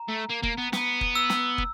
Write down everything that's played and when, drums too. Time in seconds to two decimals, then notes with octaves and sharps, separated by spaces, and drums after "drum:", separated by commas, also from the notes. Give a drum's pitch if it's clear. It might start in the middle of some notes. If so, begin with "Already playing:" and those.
Already playing: A#5
0.09 A3
0.30 A#3
0.43 A#3, drum: kick
0.58 B3
0.73 B3, drum: snare
1.01 drum: kick
1.15 E6
1.30 drum: snare
1.58 drum: kick